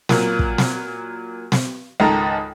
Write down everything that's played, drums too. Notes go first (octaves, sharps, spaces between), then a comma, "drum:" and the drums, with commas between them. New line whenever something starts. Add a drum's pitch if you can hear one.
A#2 F#3 A#3, drum: snare
drum: kick
drum: snare
drum: snare
C#2 G#2 D#3 A4 A#5